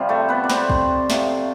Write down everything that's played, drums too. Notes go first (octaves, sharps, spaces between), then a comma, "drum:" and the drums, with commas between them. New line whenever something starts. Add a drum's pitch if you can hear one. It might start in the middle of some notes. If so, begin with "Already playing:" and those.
Already playing: C3 F3 G3 F4
A3 A4
B3 B4
D5
C4 C5, drum: snare
drum: kick
C3 F3 A3, drum: snare